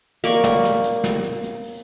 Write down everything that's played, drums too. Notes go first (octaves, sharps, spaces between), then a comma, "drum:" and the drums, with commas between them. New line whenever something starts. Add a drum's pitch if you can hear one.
A#3 D5 C#6, drum: hi-hat
drum: snare
drum: snare
drum: hi-hat
drum: snare
drum: hi-hat
drum: hi-hat
drum: open hi-hat